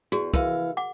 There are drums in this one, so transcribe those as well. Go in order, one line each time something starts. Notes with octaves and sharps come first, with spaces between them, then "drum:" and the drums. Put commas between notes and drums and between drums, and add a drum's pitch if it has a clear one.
E2 F#4 G#4
E3 A#4 F5, drum: kick
F#5 D6